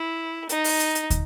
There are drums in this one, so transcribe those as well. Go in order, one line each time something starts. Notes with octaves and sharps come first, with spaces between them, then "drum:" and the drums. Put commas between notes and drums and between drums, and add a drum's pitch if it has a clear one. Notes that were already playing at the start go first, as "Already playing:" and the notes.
Already playing: E4
D#4, drum: hi-hat
drum: open hi-hat
drum: hi-hat
drum: hi-hat
drum: kick, hi-hat